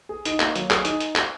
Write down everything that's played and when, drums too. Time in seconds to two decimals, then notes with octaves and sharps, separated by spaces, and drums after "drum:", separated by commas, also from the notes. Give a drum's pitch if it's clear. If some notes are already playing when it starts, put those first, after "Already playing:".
0.09 G#4
0.25 D#4, drum: hi-hat
0.40 A#3, drum: clap
0.55 F#3, drum: hi-hat
0.71 G#4, drum: clap
0.85 D#4, drum: hi-hat
1.00 drum: hi-hat
1.16 drum: clap